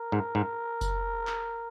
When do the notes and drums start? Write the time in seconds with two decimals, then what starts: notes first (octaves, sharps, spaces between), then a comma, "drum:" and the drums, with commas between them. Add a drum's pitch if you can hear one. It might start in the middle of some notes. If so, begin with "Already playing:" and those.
Already playing: A#4
0.12 G#2
0.35 G#2
0.81 drum: kick F#1, tambourine
1.27 drum: clap